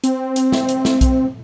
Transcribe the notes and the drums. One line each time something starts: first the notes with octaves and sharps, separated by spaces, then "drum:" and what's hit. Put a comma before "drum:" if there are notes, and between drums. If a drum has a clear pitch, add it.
C4, drum: hi-hat
drum: hi-hat
drum: snare
drum: hi-hat
drum: snare
drum: kick B1, hi-hat